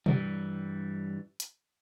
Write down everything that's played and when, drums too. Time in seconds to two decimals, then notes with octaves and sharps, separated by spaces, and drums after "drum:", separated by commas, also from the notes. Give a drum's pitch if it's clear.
0.06 G2 E3 G3, drum: tom B2
1.40 drum: hi-hat